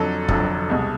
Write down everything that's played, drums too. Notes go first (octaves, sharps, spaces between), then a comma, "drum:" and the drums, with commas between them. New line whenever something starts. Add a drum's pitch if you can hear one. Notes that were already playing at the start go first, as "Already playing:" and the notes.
Already playing: F2 D3 F#3 A4
F1 F2 D3 F#3, drum: kick
C2 B2 G#3